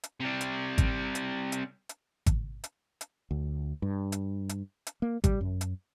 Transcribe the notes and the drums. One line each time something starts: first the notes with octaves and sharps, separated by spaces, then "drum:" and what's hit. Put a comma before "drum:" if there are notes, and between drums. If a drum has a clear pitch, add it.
drum: hi-hat
C3 G3
drum: hi-hat
drum: kick G#1, hi-hat
drum: hi-hat
drum: hi-hat
drum: hi-hat
drum: kick G#1, hi-hat
drum: hi-hat
drum: hi-hat
D2
G2
drum: hi-hat
drum: hi-hat
drum: hi-hat
A#3
G3, drum: kick G#1, hi-hat
F#2
drum: hi-hat